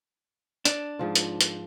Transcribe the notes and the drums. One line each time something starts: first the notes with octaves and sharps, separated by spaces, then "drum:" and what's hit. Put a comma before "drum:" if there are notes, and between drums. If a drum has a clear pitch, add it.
D4, drum: hi-hat
G#2 F3 F4
drum: hi-hat
drum: hi-hat